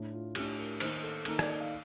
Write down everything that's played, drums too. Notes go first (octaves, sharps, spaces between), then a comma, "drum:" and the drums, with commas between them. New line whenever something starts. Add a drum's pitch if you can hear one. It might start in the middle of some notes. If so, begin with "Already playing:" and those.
Already playing: A2 A3 D4
F4
A2 A3 D4 G4, drum: cymbal
A#4
D#3 A#3 D#4 C5, drum: cymbal
A4
D#3 A#3 D#4 A4, drum: cymbal
D5, drum: rim click
D#5
F5